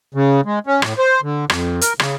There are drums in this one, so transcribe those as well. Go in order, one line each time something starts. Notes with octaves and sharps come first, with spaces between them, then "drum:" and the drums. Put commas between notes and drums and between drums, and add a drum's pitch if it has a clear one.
C#3
G#3
C#4
A2, drum: rim click
C5
D3
F2, drum: rim click
A#4, drum: hi-hat
C#3, drum: rim click